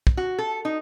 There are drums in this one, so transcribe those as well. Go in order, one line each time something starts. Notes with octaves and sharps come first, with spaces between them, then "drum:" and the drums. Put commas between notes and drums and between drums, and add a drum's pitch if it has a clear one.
drum: kick
F#4
A4
D#4